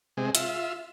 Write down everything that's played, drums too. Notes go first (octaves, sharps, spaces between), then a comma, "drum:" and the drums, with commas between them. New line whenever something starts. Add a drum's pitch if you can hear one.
C3 G#3
F4 E5, drum: hi-hat